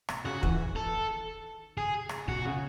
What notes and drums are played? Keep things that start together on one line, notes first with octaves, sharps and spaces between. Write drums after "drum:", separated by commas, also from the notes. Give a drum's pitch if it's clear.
B2, drum: rim click
C#3 F#4
E3, drum: kick
D#3
D#3 A4
C#3 G#4
drum: rim click
B2 F#4
C#3